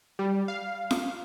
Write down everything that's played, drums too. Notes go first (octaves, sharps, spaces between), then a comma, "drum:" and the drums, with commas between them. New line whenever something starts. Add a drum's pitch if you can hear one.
G3
F5
drum: snare